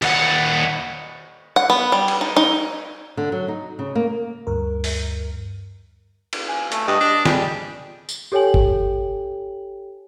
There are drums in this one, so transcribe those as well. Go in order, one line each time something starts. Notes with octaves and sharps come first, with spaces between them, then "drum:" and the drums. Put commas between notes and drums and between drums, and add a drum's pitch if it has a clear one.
D#2 F#5, drum: cymbal
F#5
B3
G3
drum: cymbal
D#4
D#4
D3
F#3
D#4
C#3
A#3
D2 G2 A#4
drum: open hi-hat
drum: cymbal
G#5
A3, drum: hi-hat
G2 D#5
D4
G3 G#4, drum: snare
drum: tambourine
G4 A4 C#5 G5 G#5 F#7
drum: kick